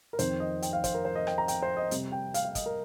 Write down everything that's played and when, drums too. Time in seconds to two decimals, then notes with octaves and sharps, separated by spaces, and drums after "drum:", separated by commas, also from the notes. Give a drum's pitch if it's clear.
0.13 A#4
0.19 F2 D#3 C4 C5, drum: hi-hat
0.40 D#5
0.62 G5, drum: hi-hat
0.73 F5
0.84 C5, drum: kick, hi-hat
0.94 A#4
1.05 C5
1.15 D#5
1.27 G5, drum: rim click
1.38 A#5
1.48 G5, drum: hi-hat
1.62 C5
1.77 D#5
1.91 C3 G3 C4, drum: hi-hat
2.12 G5
2.34 F5, drum: hi-hat
2.45 F5
2.55 D#5, drum: kick, hi-hat
2.66 A#4